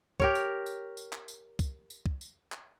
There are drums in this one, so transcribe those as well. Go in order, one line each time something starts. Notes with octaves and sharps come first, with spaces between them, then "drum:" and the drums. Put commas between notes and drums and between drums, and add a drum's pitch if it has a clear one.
G4 A#4 C#5, drum: kick
drum: tambourine
drum: tambourine
drum: tambourine
drum: clap
drum: tambourine
drum: kick, tambourine
drum: tambourine
drum: kick
drum: tambourine
drum: clap